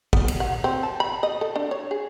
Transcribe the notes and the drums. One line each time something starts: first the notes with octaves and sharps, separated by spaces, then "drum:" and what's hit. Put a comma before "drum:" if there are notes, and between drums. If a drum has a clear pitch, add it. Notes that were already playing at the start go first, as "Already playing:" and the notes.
B3, drum: kick
drum: cymbal
F#5
C4
A5
B5
D#5
A4
D4
C#5
G#4